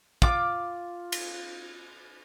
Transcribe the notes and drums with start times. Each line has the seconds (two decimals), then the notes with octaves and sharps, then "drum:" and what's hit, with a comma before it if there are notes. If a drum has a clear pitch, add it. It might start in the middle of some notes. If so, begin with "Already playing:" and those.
0.22 F4 D6, drum: kick
1.12 drum: cymbal